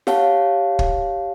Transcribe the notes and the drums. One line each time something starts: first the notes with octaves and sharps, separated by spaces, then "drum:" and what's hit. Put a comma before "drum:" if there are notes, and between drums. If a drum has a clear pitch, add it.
G4 C#5 F5 F#5 A5, drum: snare
drum: kick